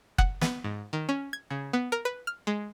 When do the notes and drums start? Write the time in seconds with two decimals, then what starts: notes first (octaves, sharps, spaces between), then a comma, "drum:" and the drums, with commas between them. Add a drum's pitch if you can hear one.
0.18 F#5, drum: kick F#1
0.41 B3, drum: snare
0.64 G#2
0.93 D#3
1.09 C#4
1.33 G#6
1.50 C#3
1.73 B3
1.92 A#4
2.05 B4
2.27 F6
2.47 G#3